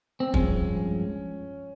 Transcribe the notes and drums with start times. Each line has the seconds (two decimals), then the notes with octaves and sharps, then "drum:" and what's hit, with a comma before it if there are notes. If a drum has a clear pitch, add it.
0.20 C4
0.34 G2 F3 G#3 C#4, drum: kick